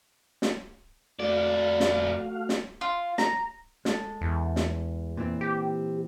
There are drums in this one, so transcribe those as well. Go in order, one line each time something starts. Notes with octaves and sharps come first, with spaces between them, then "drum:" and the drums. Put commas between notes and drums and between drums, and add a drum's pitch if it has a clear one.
drum: snare
F2 A3 F#4 D5 F5
drum: snare
drum: snare
F4
A#5, drum: snare
G#3 A4, drum: snare
E2
drum: snare
A#2 E3 C4
G4